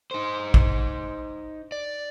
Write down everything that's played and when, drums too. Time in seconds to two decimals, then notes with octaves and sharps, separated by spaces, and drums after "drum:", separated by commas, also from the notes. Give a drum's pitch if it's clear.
0.11 D#4 C5
0.54 drum: kick A1
1.72 D5